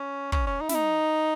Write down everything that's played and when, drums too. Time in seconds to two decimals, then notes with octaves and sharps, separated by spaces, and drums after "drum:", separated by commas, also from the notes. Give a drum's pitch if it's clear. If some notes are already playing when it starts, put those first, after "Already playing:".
Already playing: C#4
0.32 C#4, drum: kick
0.47 C#4
0.61 D#4
0.69 E4, drum: snare
0.75 D#4